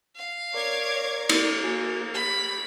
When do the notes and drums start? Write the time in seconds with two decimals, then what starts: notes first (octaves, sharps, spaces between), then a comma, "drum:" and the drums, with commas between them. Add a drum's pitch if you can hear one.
0.17 F5
0.54 A#4 C#5 D5 A#5 D6 G#6
1.29 drum: cymbal
1.64 A#3 F#4 G#5
2.14 G4 B5